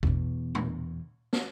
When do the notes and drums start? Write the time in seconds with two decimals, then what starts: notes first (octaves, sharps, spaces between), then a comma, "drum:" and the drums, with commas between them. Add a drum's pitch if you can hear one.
0.03 E2 B2, drum: kick A1
0.55 drum: tom A#2
1.33 drum: snare